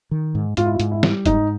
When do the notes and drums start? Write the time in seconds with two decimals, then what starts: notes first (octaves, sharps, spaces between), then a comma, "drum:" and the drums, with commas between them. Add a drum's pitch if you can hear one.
0.11 D#3
0.35 G#2
0.57 G#2 F4, drum: hi-hat
0.66 E4
0.75 F4
0.80 G#2, drum: hi-hat
0.91 E4
1.03 G3, drum: snare
1.26 G#2 D#4, drum: kick F#1, hi-hat